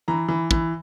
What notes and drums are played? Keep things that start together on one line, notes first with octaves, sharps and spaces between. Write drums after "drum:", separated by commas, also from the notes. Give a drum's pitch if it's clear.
E3 A#5
E3
E3, drum: kick